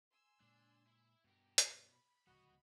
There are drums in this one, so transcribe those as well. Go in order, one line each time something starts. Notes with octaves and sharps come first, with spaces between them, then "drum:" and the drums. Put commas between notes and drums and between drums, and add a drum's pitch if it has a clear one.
G#5 C6 E6
A#2 G#3 D4
E4 E5
G2 B2 G4 A#4
drum: hi-hat
B5
D1 C#2 F3 B3 F#4 D#5